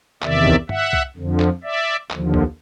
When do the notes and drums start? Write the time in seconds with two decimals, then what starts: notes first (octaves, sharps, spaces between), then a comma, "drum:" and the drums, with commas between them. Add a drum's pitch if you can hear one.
0.23 E2 C3 D#3 D5 E5, drum: clap
0.46 drum: kick C2
0.69 E5 F#5, drum: tom G2
0.93 drum: kick C2
1.17 F2 D3 F3
1.40 drum: clap
1.63 D5 E5
2.11 D#2 D3 F3, drum: clap
2.34 drum: kick C2